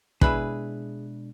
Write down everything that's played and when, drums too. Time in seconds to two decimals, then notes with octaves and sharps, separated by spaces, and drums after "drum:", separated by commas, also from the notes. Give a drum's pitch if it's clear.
0.21 B2 G#3 D4 E4 G#4 B4, drum: kick